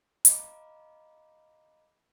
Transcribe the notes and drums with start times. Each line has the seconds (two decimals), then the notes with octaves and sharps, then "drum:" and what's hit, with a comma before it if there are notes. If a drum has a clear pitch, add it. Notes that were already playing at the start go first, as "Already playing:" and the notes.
0.25 D#5 F5 A#5 B5 D6, drum: hi-hat